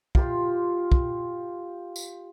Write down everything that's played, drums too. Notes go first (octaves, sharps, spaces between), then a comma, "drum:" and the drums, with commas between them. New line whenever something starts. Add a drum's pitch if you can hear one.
F4 G4 C6, drum: kick
drum: kick
drum: tambourine